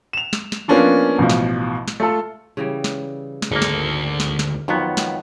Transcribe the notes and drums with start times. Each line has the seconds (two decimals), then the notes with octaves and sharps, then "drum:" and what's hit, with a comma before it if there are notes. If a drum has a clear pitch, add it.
0.13 E7 F7
0.33 drum: snare
0.52 drum: snare
0.68 F3 A#3 B3 C#4 D4 F4
1.18 A1 B2 F3
1.30 drum: snare
1.88 drum: snare
2.00 A3 F4 A4
2.57 C#3 E3 G3
2.84 drum: snare
3.42 drum: snare
3.51 G#1 D2 A#3 A4
3.62 drum: snare
4.20 drum: snare
4.39 drum: snare
4.68 F2 D#3 F#3 B3 F4
4.97 drum: snare